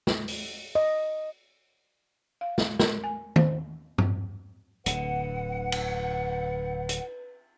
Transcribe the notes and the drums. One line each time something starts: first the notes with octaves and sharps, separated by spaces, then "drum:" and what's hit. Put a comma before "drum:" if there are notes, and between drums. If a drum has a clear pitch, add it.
drum: snare
drum: open hi-hat
D#5
F5
drum: snare
A#4, drum: snare
G#5
C5, drum: tom
drum: tom G2
D1 D3 B4 F#5, drum: hi-hat
drum: cymbal
drum: hi-hat